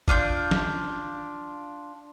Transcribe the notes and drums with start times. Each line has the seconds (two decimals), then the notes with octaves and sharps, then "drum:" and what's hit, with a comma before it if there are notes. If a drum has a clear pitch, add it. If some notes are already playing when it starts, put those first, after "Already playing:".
0.08 D4 F4 D#6 G6, drum: kick G#1
0.51 drum: snare